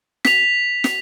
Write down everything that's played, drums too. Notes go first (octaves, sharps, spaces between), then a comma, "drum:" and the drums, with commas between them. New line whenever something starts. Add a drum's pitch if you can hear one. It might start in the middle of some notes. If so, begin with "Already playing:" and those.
B6 F7, drum: snare
drum: snare